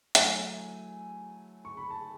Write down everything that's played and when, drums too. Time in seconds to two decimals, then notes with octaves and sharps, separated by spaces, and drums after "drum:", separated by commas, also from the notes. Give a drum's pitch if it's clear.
0.15 F#3 A3 E4 G#5, drum: hi-hat
1.65 C#6
1.77 B5
1.90 A5